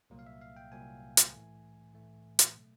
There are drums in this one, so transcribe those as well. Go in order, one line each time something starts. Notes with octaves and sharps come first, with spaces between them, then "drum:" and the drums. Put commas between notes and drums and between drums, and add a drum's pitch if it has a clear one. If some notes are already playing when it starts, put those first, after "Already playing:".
C2 A#2 F#3 A#3
F5
E5
F5
G5
C2 A#2 F#3 A#3 G#5
drum: hi-hat
A2 E3 A3
A2 E3 A3
drum: hi-hat
B2 F#3 A3